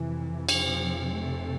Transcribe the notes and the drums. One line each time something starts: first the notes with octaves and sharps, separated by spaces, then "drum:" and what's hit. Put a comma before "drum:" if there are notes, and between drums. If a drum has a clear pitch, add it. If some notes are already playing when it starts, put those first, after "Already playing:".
Already playing: F2 C3 E3
F3, drum: cymbal
A3